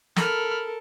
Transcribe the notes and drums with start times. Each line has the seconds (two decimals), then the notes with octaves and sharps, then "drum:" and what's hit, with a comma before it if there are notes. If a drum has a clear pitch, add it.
0.16 A4 A#4 B5 F6, drum: snare